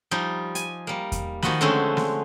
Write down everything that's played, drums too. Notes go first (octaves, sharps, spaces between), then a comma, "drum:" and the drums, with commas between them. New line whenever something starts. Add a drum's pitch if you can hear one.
F3 G3 D#4
G#5, drum: hi-hat
G3 A#3
drum: kick E2, hi-hat
D#3 F3 F#4 D#5 B5, drum: snare
D3 G#3 A3 C4 C#4
drum: snare